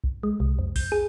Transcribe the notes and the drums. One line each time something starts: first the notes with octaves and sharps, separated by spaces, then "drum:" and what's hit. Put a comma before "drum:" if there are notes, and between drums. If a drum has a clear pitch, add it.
drum: kick B1
G#3
C2
F2
G6, drum: kick B1, open hi-hat
G#4